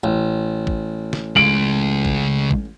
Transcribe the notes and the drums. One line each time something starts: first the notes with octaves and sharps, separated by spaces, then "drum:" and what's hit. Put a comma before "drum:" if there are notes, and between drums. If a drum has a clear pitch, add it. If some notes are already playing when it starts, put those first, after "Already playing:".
A1
drum: kick
drum: snare
C#2 G#3 D7 F#7
drum: kick
drum: kick